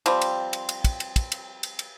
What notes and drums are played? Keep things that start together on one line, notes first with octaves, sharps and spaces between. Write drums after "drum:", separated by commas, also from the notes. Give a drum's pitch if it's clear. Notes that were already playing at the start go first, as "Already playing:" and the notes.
F3 G3 C4, drum: cymbal
drum: cymbal
drum: cymbal
drum: cymbal
drum: kick, cymbal
drum: cymbal
drum: kick, cymbal
drum: cymbal
drum: cymbal
drum: cymbal